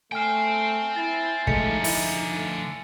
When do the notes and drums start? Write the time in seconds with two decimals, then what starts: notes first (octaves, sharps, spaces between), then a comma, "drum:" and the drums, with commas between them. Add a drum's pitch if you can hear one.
0.12 A3 C5 G5 G#5 F6
0.96 E4 A6
1.47 D3 F3 G#3 A3 D#4 C#7, drum: kick
1.84 E4, drum: open hi-hat
2.36 A3